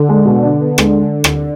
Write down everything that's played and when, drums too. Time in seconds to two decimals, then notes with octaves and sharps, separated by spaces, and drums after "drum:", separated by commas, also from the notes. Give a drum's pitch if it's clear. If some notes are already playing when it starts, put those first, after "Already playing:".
Already playing: D3
0.09 G#3
0.25 B2
0.42 D4
0.60 B3
0.78 G#3, drum: rim click
1.24 drum: rim click